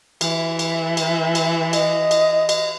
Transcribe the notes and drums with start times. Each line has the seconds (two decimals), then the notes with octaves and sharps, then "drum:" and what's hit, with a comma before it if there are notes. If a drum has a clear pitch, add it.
0.21 E3 E5, drum: cymbal
0.59 drum: cymbal
0.97 drum: cymbal
1.35 drum: cymbal
1.73 D#5, drum: cymbal
2.11 drum: cymbal
2.49 drum: cymbal